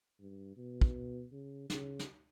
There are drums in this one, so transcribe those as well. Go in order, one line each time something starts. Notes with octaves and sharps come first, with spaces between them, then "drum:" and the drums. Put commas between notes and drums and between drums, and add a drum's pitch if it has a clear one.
G2
B2
drum: kick
C#3
C#3, drum: snare
drum: snare